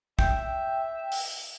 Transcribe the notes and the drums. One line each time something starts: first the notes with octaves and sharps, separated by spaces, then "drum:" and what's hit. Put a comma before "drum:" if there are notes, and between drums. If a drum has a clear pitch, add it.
E5 G5, drum: kick
drum: open hi-hat